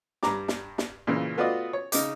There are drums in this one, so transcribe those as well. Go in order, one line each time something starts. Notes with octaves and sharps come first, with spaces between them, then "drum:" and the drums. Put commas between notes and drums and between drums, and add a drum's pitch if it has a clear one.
G2 G3 A#5 D6, drum: snare
drum: snare
drum: snare
A#2 C#3 E3
A3 B3 F4 F#4 D5 D#5
C#5
C#3 D#4 D6, drum: hi-hat